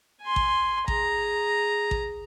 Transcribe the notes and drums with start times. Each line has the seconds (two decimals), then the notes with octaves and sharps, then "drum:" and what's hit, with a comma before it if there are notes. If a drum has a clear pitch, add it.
0.23 G#5 C6
0.36 drum: kick A1
0.88 G#4 A#5, drum: kick A1
1.91 drum: kick A1